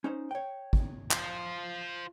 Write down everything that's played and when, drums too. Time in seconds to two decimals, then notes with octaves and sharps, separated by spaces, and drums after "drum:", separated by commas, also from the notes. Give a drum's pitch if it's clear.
0.04 C#4 D#4 C5
0.31 C#5 G5
0.73 drum: kick
1.11 F4 C5, drum: clap